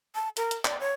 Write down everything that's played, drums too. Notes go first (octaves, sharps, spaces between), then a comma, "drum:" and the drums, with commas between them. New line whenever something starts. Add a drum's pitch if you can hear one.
A5
A#4, drum: hi-hat
drum: hi-hat
D5, drum: clap
C#5